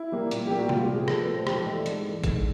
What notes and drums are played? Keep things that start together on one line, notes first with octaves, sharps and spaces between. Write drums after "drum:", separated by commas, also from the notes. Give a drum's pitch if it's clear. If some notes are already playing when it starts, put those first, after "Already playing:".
Already playing: E4
G3 A#3
A#2, drum: hi-hat
G3 A#3 G4
F#4
A#2 F4, drum: tom C3
G4
F3 A3
G#4
A#2 A4, drum: rim click
B4
F3 A3
C5
G#2 G4, drum: rim click
A4
E3 A3 D#5
D5
G#2, drum: hi-hat
E3 A3
G#2, drum: kick, hi-hat